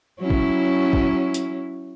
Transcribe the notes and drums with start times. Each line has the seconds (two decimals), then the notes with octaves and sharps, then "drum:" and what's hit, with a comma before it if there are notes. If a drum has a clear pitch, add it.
0.20 F#3 C#4 E4
0.30 drum: kick
0.93 drum: kick
1.34 drum: hi-hat